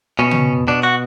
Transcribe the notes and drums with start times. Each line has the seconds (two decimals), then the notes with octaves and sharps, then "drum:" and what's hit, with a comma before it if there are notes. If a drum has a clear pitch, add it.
0.19 B2 C#4
0.31 drum: tom
0.68 B2 D4
0.83 F#4